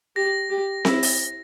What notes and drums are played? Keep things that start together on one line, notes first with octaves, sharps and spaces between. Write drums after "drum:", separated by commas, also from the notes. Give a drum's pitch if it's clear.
G4 A#6
G4
E4, drum: snare C4
drum: open hi-hat